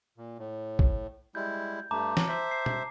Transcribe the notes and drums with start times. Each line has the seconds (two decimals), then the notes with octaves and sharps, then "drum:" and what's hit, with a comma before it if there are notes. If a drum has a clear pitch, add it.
0.18 A#2
0.38 A2
0.79 drum: kick
1.35 G3 G#3 E4 G6
1.91 G2 A3 A5 A#5 D6
2.17 drum: snare
2.29 C5 E5
2.51 C7
2.66 drum: tom